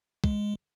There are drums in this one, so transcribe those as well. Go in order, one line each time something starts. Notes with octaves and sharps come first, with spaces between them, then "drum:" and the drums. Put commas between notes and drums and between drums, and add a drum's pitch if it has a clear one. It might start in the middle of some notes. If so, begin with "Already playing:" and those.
G#3, drum: kick